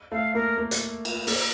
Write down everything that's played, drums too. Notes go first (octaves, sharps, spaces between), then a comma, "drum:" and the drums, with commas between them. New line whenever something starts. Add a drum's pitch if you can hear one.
A3 F5
A#3 A#4
A#3
drum: hi-hat
drum: cymbal
A#3, drum: open hi-hat